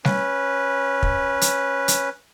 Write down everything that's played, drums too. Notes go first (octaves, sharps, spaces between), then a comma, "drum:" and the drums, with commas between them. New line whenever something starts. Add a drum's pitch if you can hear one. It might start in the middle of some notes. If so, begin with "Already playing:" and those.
C#4 B4, drum: snare G3
drum: kick
drum: hi-hat
drum: hi-hat